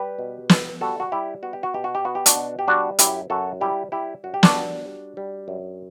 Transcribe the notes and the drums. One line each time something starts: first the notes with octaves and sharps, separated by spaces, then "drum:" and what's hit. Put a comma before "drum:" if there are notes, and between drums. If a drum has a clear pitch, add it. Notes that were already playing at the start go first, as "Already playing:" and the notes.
Already playing: G3 G4 B4
B2
B3, drum: snare
G3 F#4 A4
F#4
G3 E4 G4
B3 F#4
G4
F#4
B2 G4
F#4
G4
B3 F#4
G4
D4 F#4, drum: hi-hat
B2
G4
G3 D4 F#4
F#2 E4 G4, drum: hi-hat
F#2 F#4 A4
G3 E4 G4
G3 E4 G4
F#2 F#4
G4
D4 F#4, drum: snare
G3
G3
G3
F#2